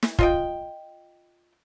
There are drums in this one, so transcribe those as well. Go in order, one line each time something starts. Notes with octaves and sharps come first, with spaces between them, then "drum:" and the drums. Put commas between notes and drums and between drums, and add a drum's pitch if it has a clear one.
drum: snare
F4 D#5 G5, drum: kick